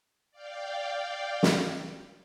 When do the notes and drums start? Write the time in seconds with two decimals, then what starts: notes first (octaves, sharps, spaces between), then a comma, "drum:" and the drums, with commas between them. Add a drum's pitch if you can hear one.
0.31 D5 F5 G5
1.43 drum: snare